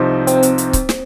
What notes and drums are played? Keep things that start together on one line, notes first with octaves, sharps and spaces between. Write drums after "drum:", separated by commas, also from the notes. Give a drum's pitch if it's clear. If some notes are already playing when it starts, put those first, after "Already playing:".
Already playing: C2 C3 F3 D#4 C5
C4, drum: hi-hat
drum: hi-hat
drum: hi-hat
drum: kick C#1, hi-hat
drum: snare